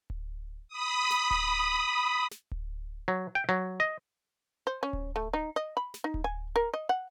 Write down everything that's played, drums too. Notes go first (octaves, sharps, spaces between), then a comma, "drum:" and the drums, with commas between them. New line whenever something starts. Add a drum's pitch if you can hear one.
drum: kick D1
B5 D#6
drum: snare
drum: kick D1
drum: snare
drum: kick D1
F#3
G5
F#3
D#5
C5
C#4
drum: kick D1
A3
D#4
D#5
B5
drum: snare
D#4
drum: kick D1
G#5
A#4
D#5
F#5